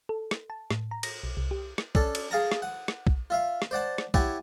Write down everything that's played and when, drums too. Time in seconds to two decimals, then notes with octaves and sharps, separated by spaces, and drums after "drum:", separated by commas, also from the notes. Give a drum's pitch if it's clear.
0.09 A4
0.31 drum: rim click
0.50 A5
0.70 A2, drum: rim click
0.91 A#5
1.03 A#6, drum: cymbal
1.23 B1
1.37 C2
1.51 G4
1.78 drum: rim click
1.95 C#4 D4 A4, drum: kick
2.15 drum: cymbal
2.31 G#4 F5 A5 A#5
2.52 drum: rim click
2.62 F#5
2.88 drum: rim click
3.07 drum: kick
3.30 F4 E5 F5
3.62 drum: rim click
3.71 C5 D5 F#5 A5
3.98 drum: rim click
4.14 E4 G4 C#5 F#5 G#5 A5, drum: kick